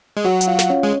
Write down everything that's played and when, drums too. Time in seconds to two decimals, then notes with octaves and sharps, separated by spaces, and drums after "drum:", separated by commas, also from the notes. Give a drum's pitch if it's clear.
0.17 G#3
0.25 F#3 F#4 F#5
0.41 F#5, drum: hi-hat
0.47 F4 F5
0.59 drum: snare
0.70 C#4 C#5
0.83 G#3